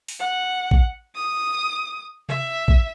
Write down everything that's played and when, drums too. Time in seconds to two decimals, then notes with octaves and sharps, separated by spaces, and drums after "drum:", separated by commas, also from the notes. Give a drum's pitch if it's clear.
0.08 drum: open hi-hat
0.19 F#5
0.71 drum: kick
1.15 D#6
2.29 E5, drum: tom C3
2.68 drum: kick